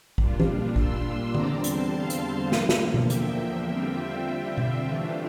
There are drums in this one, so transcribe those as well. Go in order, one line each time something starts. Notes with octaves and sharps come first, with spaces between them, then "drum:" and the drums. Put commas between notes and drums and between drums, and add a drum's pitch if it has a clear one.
A#2 G3 D4 F4, drum: kick
drum: tom
C6 E6, drum: kick
E2 D3 G3 C4 A#5 D6, drum: tom
A5 C6, drum: hi-hat
F5 A5
drum: hi-hat
E2 D3 F3 A#3, drum: snare
drum: snare
drum: tom B2
E5 G5, drum: hi-hat
D3 G3 C4 F4
drum: tom B2
E3 A3 D4 F4